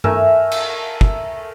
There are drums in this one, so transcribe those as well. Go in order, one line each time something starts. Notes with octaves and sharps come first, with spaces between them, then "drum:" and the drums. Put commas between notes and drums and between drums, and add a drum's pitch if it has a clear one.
A3 A#4 E5 G#5, drum: tom G2
drum: cymbal
drum: kick